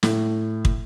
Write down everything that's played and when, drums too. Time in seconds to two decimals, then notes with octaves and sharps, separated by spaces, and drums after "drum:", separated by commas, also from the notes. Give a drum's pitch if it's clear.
0.03 A2, drum: snare
0.65 drum: kick